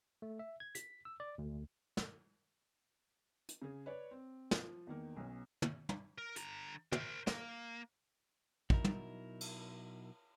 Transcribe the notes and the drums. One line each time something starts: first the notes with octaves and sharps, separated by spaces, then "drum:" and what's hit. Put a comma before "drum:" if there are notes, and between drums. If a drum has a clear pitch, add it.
A3
E5
G#6
B6, drum: hi-hat
E6
D5
D2
drum: snare
drum: hi-hat
C#3 G#4
B4 C#5 D5
C4
F3, drum: snare
E2 D#3 A#3
B1 C#4
drum: tom
drum: tom
A#4
D3 A#5, drum: hi-hat
A#4 C5, drum: tom
A#3, drum: snare
B2 F#3 D#4 E4 A#4, drum: kick
drum: tom
drum: cymbal